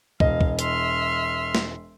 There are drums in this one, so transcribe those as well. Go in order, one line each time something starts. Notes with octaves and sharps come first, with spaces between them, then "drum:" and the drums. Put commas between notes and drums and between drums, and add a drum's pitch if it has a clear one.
E1 D#5 F5, drum: kick
drum: kick
E5 C6 F6, drum: hi-hat
drum: snare